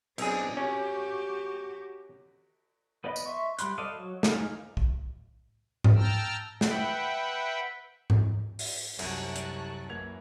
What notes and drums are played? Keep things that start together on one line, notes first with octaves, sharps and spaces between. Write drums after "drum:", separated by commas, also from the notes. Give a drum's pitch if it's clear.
B1 C4 D4 G#4, drum: cymbal
C#4 F#4 G4
B3 B4 D5 D#5 B5
drum: tambourine
E5 C6 C#6
G3 B5 C6 F#6, drum: hi-hat
A4 C5 D5 D#5 F5
F#3
D#4 G#4 F5, drum: snare
drum: kick B1
drum: tom G#2
G5 A5 A#5 E6 F6
B4 E5 F#5 G5, drum: snare
drum: tom G#2
drum: open hi-hat
C2 F#2 A5 C#6 F#6, drum: cymbal
drum: hi-hat
E3 A#3 G#6 F7